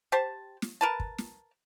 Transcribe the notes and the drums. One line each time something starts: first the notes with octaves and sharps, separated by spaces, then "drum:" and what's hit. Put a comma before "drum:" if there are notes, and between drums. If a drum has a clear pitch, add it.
G4 C5 A5
drum: snare
A#4 B4 A5
drum: kick
drum: snare